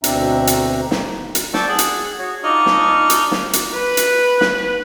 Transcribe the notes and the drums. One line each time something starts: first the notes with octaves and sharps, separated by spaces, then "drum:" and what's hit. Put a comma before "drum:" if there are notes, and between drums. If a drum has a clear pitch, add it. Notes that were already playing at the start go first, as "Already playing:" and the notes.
D2 B2 C4 D4 E5 A#5, drum: hi-hat
drum: hi-hat
drum: snare
drum: hi-hat
D5 G5 A5 C#6 E6, drum: snare
G#4 F#5
drum: hi-hat
F#4 C#5
D4 D#4 F4 D#5 C#6 F6
drum: snare
drum: hi-hat
drum: snare
drum: hi-hat
B4
drum: hi-hat
drum: snare